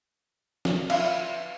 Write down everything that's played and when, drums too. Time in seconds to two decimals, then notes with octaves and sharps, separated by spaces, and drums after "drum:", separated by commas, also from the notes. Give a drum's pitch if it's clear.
0.65 drum: snare
0.90 F4 B4 E5 F5, drum: cymbal